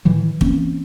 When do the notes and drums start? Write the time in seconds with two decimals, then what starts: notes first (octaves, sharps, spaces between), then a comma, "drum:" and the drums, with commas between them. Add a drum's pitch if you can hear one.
0.05 A2 D#3 E3 F#3
0.41 E3 A#3 C4 C#4, drum: kick